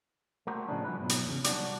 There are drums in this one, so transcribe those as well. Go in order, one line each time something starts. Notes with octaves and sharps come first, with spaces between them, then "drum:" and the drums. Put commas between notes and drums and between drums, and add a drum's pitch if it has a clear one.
A3 A#3 C4 F#4 G4
A2 C#3 F3 G#3 B3 D4
F3 G3 E4 F#4 B4
G#2 B2 F#3
drum: hi-hat
E2 A2 C#3
C2 D4 F#4 D5, drum: hi-hat